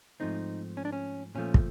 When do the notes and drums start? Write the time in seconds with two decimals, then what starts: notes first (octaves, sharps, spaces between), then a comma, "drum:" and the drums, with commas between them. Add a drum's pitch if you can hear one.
0.20 G#2 F3 A3 C4 D#4
0.77 C#4
0.85 D4
0.93 C#4
1.35 A#2 F3 A3 C#4
1.54 drum: kick